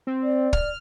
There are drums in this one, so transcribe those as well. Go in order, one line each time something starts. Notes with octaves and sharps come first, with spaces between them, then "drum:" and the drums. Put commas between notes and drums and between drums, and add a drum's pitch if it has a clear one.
C4
D5
F6, drum: kick